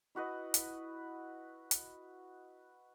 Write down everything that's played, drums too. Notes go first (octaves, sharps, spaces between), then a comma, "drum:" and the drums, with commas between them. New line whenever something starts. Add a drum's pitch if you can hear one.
E4 F#4 B4 D#5
drum: hi-hat
drum: hi-hat